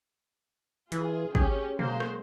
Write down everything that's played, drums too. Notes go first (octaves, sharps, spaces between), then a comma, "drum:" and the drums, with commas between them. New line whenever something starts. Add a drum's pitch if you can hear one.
E3 F4 G#4, drum: hi-hat
C#4 G4 G#4, drum: kick
F#3 G#3 A#3 C5, drum: tom B2
drum: rim click